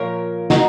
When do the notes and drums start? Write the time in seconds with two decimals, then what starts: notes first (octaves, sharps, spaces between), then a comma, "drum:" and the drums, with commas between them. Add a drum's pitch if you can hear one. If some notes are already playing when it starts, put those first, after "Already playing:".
Already playing: A#2 F3 A#3 A#4 C#5
0.50 D#4 F#4, drum: snare